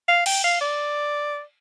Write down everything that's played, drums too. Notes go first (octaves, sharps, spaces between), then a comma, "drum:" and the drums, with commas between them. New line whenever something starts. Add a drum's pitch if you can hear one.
F5
G5, drum: cymbal
F5
D5